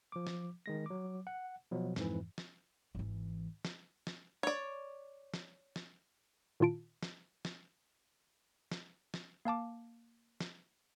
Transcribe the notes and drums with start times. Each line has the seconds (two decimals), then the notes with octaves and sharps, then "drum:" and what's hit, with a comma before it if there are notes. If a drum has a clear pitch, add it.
0.12 F3 D6
0.27 drum: snare
0.66 D#3 G#3 A#6
0.86 F#3 D6
1.27 F#5
1.71 B2 F3 F#3
1.96 F2 G#2 E3, drum: snare
2.38 drum: snare
2.95 G#1 E3
3.65 drum: snare
4.07 drum: snare
4.43 C#5 D5
5.34 drum: snare
5.76 drum: snare
6.60 A#2 D#3 E4 F4 A5 D7
7.03 drum: snare
7.45 drum: snare
8.71 drum: snare
9.14 drum: snare
9.45 A#3 F5 A5 D6
10.40 drum: snare